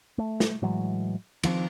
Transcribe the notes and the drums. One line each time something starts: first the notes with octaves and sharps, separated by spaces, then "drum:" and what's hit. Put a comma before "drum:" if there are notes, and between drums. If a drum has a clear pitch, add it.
A3
drum: snare
A2 E3 F#3 G#3
D#3 F3 G3 C4, drum: cymbal